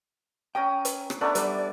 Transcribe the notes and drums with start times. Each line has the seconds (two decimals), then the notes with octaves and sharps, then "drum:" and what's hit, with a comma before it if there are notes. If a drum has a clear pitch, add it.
0.55 C#4 G5 A#5 D#6
0.85 drum: hi-hat
1.10 drum: rim click
1.21 A3 B3 D4 B4 D5 A#5
1.35 G3, drum: hi-hat